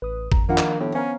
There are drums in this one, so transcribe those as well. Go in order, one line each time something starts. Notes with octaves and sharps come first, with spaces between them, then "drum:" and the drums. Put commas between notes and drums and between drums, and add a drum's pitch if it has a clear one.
A1 B4 D#6
F2 A#5, drum: kick G#1
D#3 F3 A#3 D4 F4 F#5 B5
drum: clap
A2 B3 G4
B3 C#4 A#4 C5 F5 G#5 A#5